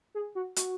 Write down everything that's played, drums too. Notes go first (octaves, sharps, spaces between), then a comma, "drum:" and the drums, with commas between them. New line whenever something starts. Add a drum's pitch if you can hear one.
G#4
F#4
F#4, drum: hi-hat